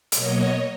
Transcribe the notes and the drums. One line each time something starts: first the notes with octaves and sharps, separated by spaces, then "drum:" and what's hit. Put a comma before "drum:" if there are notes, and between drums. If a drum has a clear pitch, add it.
B2 F#3 A#3 C#5 D#5, drum: hi-hat